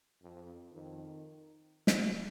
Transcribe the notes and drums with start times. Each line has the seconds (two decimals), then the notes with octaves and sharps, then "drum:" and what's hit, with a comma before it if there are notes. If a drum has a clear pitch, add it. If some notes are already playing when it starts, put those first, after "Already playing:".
0.22 F2
0.72 F2 D#3
1.87 drum: snare